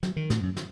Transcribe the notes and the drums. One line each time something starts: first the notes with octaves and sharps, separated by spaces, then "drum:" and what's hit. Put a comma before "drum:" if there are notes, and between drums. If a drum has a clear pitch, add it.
F#3, drum: snare
D#3
A2, drum: snare
F#2
drum: snare